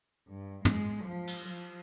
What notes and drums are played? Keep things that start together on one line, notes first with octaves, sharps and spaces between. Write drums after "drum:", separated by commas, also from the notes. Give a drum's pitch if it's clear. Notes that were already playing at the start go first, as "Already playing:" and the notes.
G2
G#3, drum: tom
F3
drum: cymbal
F3